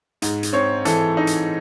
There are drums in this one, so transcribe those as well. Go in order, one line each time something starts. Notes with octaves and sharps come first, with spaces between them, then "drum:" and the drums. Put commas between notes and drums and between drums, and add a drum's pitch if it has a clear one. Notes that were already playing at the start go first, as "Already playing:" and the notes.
G#2, drum: hi-hat
drum: hi-hat
C4 C#5
E3 A4, drum: hi-hat
D#4
drum: hi-hat